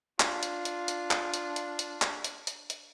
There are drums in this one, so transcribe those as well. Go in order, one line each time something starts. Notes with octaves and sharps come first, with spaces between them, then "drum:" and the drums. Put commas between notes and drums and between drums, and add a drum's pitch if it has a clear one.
D4 F4, drum: clap
drum: hi-hat
drum: hi-hat
drum: hi-hat
drum: clap
drum: hi-hat
drum: hi-hat
drum: hi-hat
drum: clap
drum: hi-hat
drum: hi-hat
drum: hi-hat